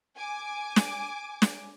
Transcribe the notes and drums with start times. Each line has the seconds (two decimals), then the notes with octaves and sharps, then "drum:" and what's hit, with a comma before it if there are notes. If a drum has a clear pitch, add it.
0.17 G#5 D6
0.76 drum: snare
1.42 drum: snare